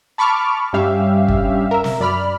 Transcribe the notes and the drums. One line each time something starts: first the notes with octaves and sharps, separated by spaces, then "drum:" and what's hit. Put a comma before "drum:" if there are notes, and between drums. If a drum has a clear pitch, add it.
A5 B5 C#6 D6 F6
G2 G3 C#4 G4 E5 F5
drum: kick
A#4 E5
drum: snare
F#2 D5 B5 F6